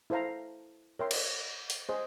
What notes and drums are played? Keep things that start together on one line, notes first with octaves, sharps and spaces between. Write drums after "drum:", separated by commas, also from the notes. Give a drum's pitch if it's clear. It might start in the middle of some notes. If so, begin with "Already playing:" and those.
E4 A4 C5 F5 A#5
A#4 C#5 E5 G5 C6
drum: cymbal
drum: open hi-hat
G#4 C5 D#5